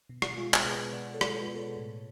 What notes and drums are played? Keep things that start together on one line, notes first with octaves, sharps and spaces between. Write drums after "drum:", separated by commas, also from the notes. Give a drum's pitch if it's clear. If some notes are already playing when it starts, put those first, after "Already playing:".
B2
drum: rim click
G#3 F4 G#4
drum: clap
B2 G#4 B4
B2 D5 F#5
A4 C#5
G#3, drum: rim click
A4 C#5
B2
A4 C#5
A2